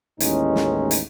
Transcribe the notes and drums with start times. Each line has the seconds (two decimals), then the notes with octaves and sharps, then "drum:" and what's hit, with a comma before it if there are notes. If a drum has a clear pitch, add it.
0.20 A1 D#2 A2 G#3 C#4 D#4, drum: hi-hat
0.56 drum: snare
0.91 drum: hi-hat